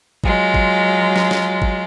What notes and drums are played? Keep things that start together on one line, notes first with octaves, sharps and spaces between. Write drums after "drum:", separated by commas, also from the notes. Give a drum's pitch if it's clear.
F#3 G#3 F4, drum: kick G#1
drum: kick G#1
drum: snare
drum: snare
drum: kick G#1